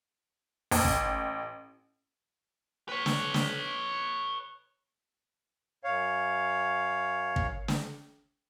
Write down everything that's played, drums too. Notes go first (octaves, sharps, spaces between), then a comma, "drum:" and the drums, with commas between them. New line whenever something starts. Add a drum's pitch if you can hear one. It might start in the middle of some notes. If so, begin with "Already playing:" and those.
A1, drum: open hi-hat
drum: kick
B4 C#5
drum: snare
drum: snare
F#2 C#5 F5
drum: kick
drum: snare